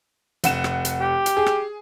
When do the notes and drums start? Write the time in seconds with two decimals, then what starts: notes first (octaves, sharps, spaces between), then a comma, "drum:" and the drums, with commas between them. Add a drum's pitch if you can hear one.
0.44 F1 F#5 E7, drum: hi-hat
0.64 drum: rim click
0.85 drum: hi-hat
1.01 G4
1.26 drum: hi-hat
1.37 G#4
1.46 drum: rim click